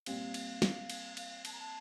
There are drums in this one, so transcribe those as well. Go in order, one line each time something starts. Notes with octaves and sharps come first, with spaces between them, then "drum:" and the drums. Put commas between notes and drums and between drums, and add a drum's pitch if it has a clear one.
A#2 G3 C4 F5, drum: cymbal
drum: cymbal
drum: snare
drum: cymbal
F5, drum: cymbal
A5, drum: cymbal
A#5
A5